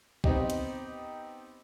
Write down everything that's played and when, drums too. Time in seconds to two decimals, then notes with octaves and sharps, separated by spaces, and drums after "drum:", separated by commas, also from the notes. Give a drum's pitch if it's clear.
0.24 B3 C4 D#4 G4, drum: kick
0.50 drum: hi-hat